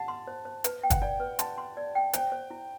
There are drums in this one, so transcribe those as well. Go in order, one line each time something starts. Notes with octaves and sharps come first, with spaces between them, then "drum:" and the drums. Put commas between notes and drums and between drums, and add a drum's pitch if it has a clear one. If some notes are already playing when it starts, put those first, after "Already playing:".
Already playing: F#5 A5
C6
C5
C5
B4, drum: hi-hat
G5
F#5, drum: kick, hi-hat
D5 G5
B4
A5 C6, drum: hi-hat
C6
D5
G5
C5 G5, drum: hi-hat
C5
E4